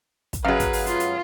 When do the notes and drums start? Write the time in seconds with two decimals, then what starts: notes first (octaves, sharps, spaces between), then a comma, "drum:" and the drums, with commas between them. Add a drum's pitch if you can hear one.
0.33 drum: kick, hi-hat
0.45 F#2 F#3 G#4 B4 F5
0.60 drum: kick, hi-hat
0.73 drum: open hi-hat
0.86 F4, drum: hi-hat
1.00 drum: hi-hat